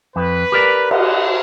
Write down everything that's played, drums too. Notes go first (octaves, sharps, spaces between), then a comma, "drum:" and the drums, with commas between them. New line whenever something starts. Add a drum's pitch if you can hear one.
F2 B4
G4 A#4 D5
D#5 F#5, drum: cymbal